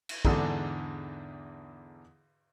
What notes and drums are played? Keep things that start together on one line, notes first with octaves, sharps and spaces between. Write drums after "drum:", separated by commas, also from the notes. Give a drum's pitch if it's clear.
drum: cymbal
E2 G#2 D3 D4 A4, drum: kick